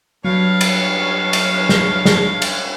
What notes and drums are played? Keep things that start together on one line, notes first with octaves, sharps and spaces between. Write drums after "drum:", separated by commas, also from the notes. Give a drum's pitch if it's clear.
G2 F#3 C#5 F5 F6
drum: cymbal
drum: cymbal
drum: snare
drum: snare
drum: cymbal